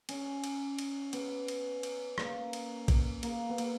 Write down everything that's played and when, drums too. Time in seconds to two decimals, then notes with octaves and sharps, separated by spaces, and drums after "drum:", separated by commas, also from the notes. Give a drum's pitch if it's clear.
0.09 C#4, drum: cymbal
0.44 drum: cymbal
0.79 drum: cymbal
1.13 B3, drum: cymbal
1.48 drum: cymbal
1.83 drum: cymbal
2.18 A#3, drum: rim click
2.53 drum: cymbal
2.88 drum: kick, cymbal
3.23 A#3, drum: cymbal
3.49 B3
3.58 A#3, drum: cymbal